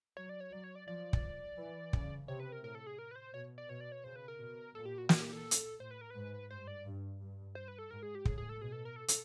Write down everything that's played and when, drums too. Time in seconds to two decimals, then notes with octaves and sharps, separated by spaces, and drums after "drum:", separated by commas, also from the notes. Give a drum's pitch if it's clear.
0.17 F#3 C#5
0.29 D5
0.40 C#5
0.52 F#3 D5
0.64 C#5
0.75 D5
0.87 F3 D5
1.13 drum: kick
1.58 E3
1.93 C#3, drum: kick
2.28 C3 C#5
2.40 B4
2.52 A#4
2.63 A2 A#4
2.75 A4
2.87 G#4
2.99 A#4
3.11 B4
3.16 C5
3.34 B2 C#5
3.58 D5
3.69 B2 C#5
3.80 D5
3.92 C#5
4.04 C#3 C5
4.16 B4
4.28 A#4
4.39 B2
4.75 A#2 A4
4.85 G4
4.98 F#4
5.09 F#4, drum: snare
5.21 G4
5.33 A4
5.51 drum: hi-hat
5.80 A2 C5
5.91 B4
6.01 A#4
6.10 G#2 B4
6.50 G2 C5
6.67 D5
6.86 G2
7.21 G2
7.55 C5
7.68 B4
7.79 A4
7.90 G#2 A#4
8.03 G#4
8.15 G4
8.25 A2 G#4, drum: kick
8.38 G#4
8.49 A4
8.61 B2 G#4
8.72 A4
8.85 A#4
8.96 A4
9.08 A4, drum: hi-hat